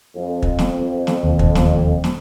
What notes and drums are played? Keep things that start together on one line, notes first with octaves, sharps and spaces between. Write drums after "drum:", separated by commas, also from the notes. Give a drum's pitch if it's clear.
F2
drum: kick
drum: snare
drum: snare
E1 D#2
drum: kick
drum: snare
drum: snare